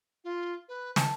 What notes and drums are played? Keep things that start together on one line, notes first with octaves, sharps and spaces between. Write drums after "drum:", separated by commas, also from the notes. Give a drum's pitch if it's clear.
F4
B4
A5, drum: snare